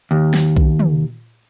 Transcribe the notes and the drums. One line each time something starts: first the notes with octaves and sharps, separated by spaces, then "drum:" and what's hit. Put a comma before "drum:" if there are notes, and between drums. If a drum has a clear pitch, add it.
D#2
drum: snare
drum: kick B1
drum: tom